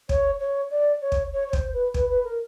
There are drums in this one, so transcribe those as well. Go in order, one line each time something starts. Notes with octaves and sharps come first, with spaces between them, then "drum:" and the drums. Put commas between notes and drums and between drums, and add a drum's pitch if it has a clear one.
C#5, drum: kick
C#5
D5
C#5
drum: kick
C#5
C#5
C5, drum: kick
B4
B4, drum: kick
B4
A#4